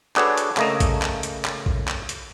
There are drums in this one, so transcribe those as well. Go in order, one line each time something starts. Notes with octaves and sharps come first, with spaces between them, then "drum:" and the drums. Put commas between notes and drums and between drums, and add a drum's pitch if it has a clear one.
D4 F#4 G#4 A4 B4 C#5, drum: clap
drum: hi-hat
C#3 A3 A#3 D#5, drum: clap
drum: kick A#1, hi-hat
drum: clap
drum: hi-hat
drum: clap
drum: kick A#1
drum: clap
drum: hi-hat